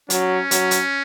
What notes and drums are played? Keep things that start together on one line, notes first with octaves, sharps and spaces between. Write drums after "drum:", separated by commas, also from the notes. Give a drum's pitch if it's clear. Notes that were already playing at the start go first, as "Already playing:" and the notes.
F#3 C#4, drum: hi-hat
F#3, drum: hi-hat
drum: hi-hat